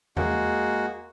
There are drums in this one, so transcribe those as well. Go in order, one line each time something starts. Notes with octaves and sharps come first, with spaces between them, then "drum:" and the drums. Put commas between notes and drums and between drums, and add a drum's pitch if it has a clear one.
G#3 A#3 F#4, drum: tom E2